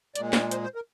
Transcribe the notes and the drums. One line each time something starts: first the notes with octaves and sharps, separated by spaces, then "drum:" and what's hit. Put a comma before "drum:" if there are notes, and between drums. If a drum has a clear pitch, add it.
A#2 G#3 D5, drum: hi-hat
C5, drum: snare
C5, drum: hi-hat
C5
A#4